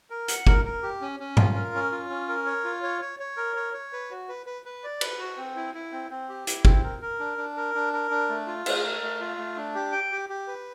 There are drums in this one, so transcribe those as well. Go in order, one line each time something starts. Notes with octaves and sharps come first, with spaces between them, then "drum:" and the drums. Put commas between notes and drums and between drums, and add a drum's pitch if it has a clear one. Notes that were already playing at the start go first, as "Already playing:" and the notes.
A#4
F#5, drum: hi-hat
A#4, drum: kick G1
A#4
G4
C#4
C#4
F4, drum: tom G2
A#4
C#4
F4
C#4
A#4
C#5
F4
C#5
C#5
C#5
A#4
C#5
C#5
B4
F#4
B4
B4
B4
D5
B4, drum: cymbal
F#4
C4
E4
E4
C4
C4
G4
E4, drum: hi-hat
C4, drum: kick G1
A#4
A#4
D4
D4
A#4
D4
A#4
D4
A3
F4
A3, drum: cymbal
A#4
A3
F4
A3
D4
G4
G5
G4
G4
B4